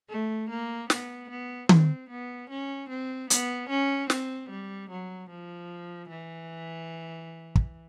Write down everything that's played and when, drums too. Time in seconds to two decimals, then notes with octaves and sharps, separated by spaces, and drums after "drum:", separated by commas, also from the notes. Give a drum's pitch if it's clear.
0.10 A3
0.50 A#3
0.90 B3, drum: snare
1.30 B3
1.69 C4, drum: tom D#3
2.10 B3
2.50 C#4
2.89 C4
3.30 B3, drum: hi-hat
3.69 C#4
4.10 C4, drum: snare
4.50 G3
4.90 F#3
5.30 F3
6.10 E3
7.55 drum: kick